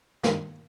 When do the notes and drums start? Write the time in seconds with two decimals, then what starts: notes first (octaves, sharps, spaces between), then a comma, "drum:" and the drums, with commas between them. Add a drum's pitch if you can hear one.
0.24 G2 D#3 A#3 C5, drum: snare